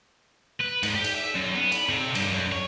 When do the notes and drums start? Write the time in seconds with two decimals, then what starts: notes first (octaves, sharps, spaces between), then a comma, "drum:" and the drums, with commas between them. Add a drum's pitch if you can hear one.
0.60 B4
0.83 G#2, drum: cymbal
0.95 G4
1.04 drum: cymbal
1.15 E5
1.35 F#2
1.55 B3
1.72 B5, drum: cymbal
1.89 C3
2.15 G2, drum: cymbal
2.31 F#2
2.52 C#5